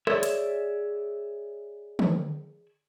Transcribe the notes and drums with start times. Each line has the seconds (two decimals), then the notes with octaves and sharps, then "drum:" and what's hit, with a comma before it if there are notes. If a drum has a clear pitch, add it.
0.07 G#4 C#5 D5 E5, drum: rim click
0.23 drum: hi-hat
1.99 drum: tom